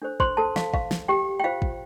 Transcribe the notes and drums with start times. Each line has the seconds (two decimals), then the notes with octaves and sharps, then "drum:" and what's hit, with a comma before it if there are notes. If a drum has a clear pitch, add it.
0.02 D4 A4 C5
0.20 C5 C6, drum: kick
0.37 A4 A5
0.56 F5, drum: snare
0.74 F5, drum: kick
0.91 drum: snare
1.08 G4 G5
1.39 G5
1.44 F4 C5 F5
1.62 drum: kick